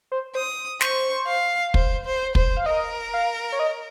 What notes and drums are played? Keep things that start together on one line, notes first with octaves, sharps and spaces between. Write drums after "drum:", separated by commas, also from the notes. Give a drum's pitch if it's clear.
C5
C5 D#6
C5 C#6, drum: snare
F5
C5, drum: kick
C5
C5, drum: kick
F5
A#4 D#5
F5
C#5
D#5